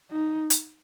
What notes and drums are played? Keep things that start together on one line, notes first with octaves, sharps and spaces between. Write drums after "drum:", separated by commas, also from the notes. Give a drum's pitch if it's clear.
D#4
drum: hi-hat